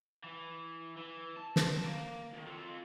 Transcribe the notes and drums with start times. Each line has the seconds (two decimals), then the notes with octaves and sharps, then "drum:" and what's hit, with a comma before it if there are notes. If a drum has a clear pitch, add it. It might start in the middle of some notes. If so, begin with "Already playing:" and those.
0.24 E3
0.98 E3
1.37 A5
1.56 drum: snare
1.85 A#3
2.33 D2 D#3
2.47 F4 A4